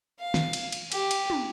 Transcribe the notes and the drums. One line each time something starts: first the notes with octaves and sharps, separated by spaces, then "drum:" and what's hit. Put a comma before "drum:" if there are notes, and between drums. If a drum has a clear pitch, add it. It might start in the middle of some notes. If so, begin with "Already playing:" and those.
F5
drum: snare
drum: cymbal
drum: cymbal
G4, drum: cymbal
drum: cymbal
drum: tom